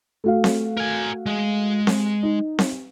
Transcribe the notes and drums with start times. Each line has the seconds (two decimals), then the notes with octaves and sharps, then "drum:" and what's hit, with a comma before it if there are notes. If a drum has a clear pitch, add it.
0.24 A3 F#4 F5
0.44 drum: snare C4
0.78 A#4 G#5
1.26 G#3
1.87 drum: snare C4
2.23 D#4
2.59 drum: snare C4